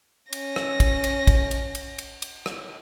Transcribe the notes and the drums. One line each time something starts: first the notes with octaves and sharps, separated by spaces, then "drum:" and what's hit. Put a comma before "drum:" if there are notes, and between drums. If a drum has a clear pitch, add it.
C#4 A#6, drum: cymbal
drum: rim click
drum: kick, cymbal
drum: cymbal
drum: kick, cymbal
drum: cymbal
drum: cymbal
drum: cymbal
drum: cymbal
drum: rim click